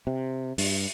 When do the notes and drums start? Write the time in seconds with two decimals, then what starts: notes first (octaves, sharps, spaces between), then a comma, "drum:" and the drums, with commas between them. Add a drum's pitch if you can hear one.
0.07 C3
0.58 G2, drum: open hi-hat